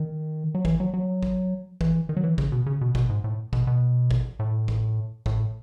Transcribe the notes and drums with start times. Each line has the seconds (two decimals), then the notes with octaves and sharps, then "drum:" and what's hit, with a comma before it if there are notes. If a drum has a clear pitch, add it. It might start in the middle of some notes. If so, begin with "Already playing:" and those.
Already playing: D#3
0.55 F#3
0.65 E3, drum: kick
0.80 F#3
0.94 F#3
1.23 drum: kick
1.81 E3, drum: kick
2.09 D#3
2.17 F#3
2.24 E3
2.38 C#3, drum: kick
2.52 B2
2.66 C#3
2.81 B2
2.95 B2, drum: kick
3.09 G#2
3.24 A2
3.53 B2, drum: kick
3.67 B2
4.11 drum: kick
4.39 A2
4.68 drum: kick
5.26 A2, drum: kick